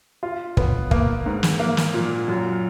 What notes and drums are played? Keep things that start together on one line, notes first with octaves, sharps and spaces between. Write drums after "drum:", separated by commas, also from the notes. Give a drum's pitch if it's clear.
F4
B3, drum: kick
A#3, drum: kick
G#2
drum: snare
A#3
drum: snare
A#2
F#2